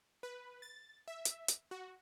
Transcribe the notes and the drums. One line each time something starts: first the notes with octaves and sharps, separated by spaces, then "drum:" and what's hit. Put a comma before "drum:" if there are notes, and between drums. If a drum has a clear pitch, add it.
B4
A6
E5
drum: hi-hat
drum: hi-hat
F#4